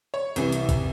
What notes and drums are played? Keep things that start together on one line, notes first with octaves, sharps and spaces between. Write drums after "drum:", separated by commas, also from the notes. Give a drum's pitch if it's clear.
C#5
C2 C3 E3, drum: hi-hat
drum: hi-hat
drum: kick, hi-hat